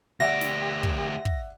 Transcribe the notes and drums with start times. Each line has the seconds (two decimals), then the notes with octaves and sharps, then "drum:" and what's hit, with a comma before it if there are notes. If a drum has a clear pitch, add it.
0.20 D2 G4 D5 E5 F#5 A#6
0.41 drum: snare
0.83 drum: kick
1.25 drum: kick